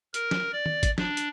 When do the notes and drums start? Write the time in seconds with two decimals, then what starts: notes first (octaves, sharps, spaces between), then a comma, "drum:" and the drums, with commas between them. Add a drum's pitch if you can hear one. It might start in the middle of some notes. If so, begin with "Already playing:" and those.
0.14 A#4, drum: hi-hat
0.31 drum: snare
0.52 D5
0.66 drum: tom
0.83 drum: kick G#1, hi-hat
0.98 D4, drum: snare
1.17 drum: hi-hat